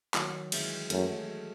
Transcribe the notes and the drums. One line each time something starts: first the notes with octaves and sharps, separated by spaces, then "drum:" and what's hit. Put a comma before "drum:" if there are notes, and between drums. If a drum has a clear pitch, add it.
D#3 F#3, drum: clap
E3 G#3, drum: cymbal
F#2 F#3 A3, drum: hi-hat